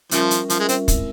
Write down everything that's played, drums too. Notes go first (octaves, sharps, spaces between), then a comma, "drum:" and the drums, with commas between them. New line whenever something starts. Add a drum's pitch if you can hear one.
C#3 F3 G3 C#4 F4 A#4 E5, drum: hi-hat
drum: hi-hat
F3, drum: hi-hat
G#3
C4, drum: hi-hat
G#3 C4 E4 A#4 E5, drum: kick, hi-hat